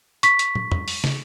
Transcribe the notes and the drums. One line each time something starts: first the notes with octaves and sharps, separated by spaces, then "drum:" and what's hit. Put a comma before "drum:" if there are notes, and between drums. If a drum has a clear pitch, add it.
C#6 B6, drum: hi-hat
drum: hi-hat
drum: tom
drum: tom
drum: open hi-hat
drum: snare